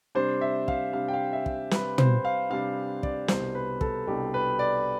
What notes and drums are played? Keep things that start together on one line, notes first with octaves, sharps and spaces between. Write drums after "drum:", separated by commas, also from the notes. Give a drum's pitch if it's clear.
C3 G3 D4 C5
E5
F5, drum: kick
C3 G3 D4 F5
G5
F5
E5
drum: kick
C3 G3 D4 B4, drum: snare
C5, drum: tom
F5
C3 G3 D4 F5
D5, drum: kick
C2 B2 G3 D4 C5, drum: snare
B4
A4, drum: kick
C2 B2 G3 D4 G4
B4
D5